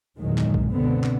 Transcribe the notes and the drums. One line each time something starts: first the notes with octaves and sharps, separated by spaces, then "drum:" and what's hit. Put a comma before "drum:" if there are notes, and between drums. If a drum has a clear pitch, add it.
G1 E2 A#2 D#3 F#3 G#3
drum: clap
drum: kick B1
C#2 B2 D3 B3 C4
drum: clap